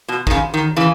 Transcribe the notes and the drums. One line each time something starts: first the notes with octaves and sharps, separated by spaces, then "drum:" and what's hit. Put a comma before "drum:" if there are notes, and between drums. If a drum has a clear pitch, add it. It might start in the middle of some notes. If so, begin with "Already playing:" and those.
B2
D#3, drum: kick
C#3
D#3
C#3 E3